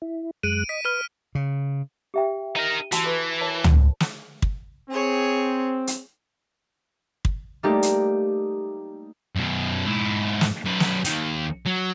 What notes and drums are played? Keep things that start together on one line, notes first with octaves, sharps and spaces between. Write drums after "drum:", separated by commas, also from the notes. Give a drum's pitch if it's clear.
E4
F#2 G#3 F#6 D7 D#7
D#5 B6
B4 F6 D#7
C#3
G4 E5 G5
D#4 A#4
E3 F#4 A5 C6, drum: hi-hat
A4 B4
A#4 C#5 A5
drum: tom
drum: snare
drum: kick
C4 G#4 C#5
drum: hi-hat
drum: kick
G3 A3 A#3 D#4 G4
drum: hi-hat
F#2 B2
G#2 E4
drum: snare
F#2 B4
drum: snare
D#2 D#3, drum: hi-hat
F#3